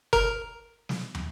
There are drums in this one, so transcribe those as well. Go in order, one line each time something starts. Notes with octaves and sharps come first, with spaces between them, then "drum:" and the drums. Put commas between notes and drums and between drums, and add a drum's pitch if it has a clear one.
A#4, drum: kick F#1
drum: snare
drum: tom